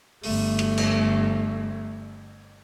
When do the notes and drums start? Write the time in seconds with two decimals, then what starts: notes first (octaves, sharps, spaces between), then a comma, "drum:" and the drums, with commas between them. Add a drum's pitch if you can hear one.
0.23 G1 A3, drum: open hi-hat
0.59 drum: cymbal
0.78 drum: cymbal